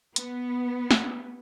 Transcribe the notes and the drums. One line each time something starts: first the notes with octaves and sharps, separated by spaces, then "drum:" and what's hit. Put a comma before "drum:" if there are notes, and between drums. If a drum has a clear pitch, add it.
B3, drum: hi-hat
drum: snare